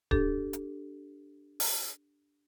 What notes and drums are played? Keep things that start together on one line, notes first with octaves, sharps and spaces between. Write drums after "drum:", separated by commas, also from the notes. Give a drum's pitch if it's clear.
D4 G4 A4, drum: kick D1
drum: hi-hat
drum: open hi-hat